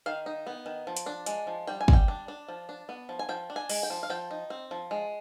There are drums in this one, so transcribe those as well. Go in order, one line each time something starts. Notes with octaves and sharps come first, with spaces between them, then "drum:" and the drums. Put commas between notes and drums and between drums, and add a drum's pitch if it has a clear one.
D#3 F5
D#4
B3
D#3
F3
drum: hi-hat
D4
G#3, drum: hi-hat
F3
G3 G5
G#5
G3, drum: kick
G5
D4
D4
F3
D4
B3
F3
G#5
F3 G5
D4
G#5
G#3, drum: open hi-hat
G5
F3
F5
F3 G5
D#4
C4
F3
G#3